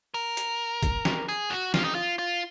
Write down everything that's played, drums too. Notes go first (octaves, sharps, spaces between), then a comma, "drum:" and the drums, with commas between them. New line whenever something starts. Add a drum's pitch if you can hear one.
A#4
drum: hi-hat
drum: kick, hi-hat
drum: snare
G#4
F#4
F4, drum: snare
D#4
F4
F4